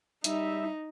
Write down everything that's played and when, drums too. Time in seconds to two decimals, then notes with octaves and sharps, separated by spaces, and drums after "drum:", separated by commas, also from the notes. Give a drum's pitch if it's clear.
0.24 G3 D#4 E5, drum: hi-hat